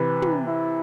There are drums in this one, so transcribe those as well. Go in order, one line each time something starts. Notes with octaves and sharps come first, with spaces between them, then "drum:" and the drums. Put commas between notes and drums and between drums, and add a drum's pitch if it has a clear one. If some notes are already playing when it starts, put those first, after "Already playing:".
Already playing: C3 E3 B4
drum: tom
E4